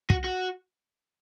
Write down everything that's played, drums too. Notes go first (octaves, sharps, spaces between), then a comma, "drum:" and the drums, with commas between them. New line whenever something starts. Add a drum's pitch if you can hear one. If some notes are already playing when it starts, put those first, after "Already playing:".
F#4, drum: kick
F#4